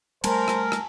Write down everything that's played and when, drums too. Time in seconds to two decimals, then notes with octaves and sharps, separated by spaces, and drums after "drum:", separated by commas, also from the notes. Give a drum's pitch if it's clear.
0.24 G3 A3 A#4 C5 G#5 A5, drum: cymbal
0.48 drum: rim click
0.72 drum: rim click